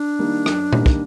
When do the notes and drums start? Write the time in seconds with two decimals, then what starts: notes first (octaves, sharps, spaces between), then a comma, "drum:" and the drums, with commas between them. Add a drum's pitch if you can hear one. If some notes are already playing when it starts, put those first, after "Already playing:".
Already playing: D4
0.19 D#3 G3 A#3 D#4
0.46 F#2, drum: rim click
0.73 D#3 G3 A#3 D#4, drum: tom A#2
0.86 drum: kick